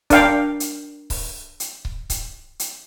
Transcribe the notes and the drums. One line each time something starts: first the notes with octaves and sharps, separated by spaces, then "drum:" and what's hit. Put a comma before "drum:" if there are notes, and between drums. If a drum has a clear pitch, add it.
D4 A#4 F5 G5, drum: kick C#1, hi-hat
drum: hi-hat
drum: kick C#1, open hi-hat
drum: hi-hat
drum: kick C#1
drum: kick C#1, hi-hat
drum: hi-hat